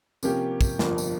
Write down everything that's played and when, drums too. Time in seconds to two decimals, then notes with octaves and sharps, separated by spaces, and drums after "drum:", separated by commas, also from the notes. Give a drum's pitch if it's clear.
0.23 C3 F3 A#3 C#4 G4, drum: tambourine
0.61 drum: kick, tambourine
0.79 G1 F2 C3 F3 A#3, drum: snare
0.98 drum: tambourine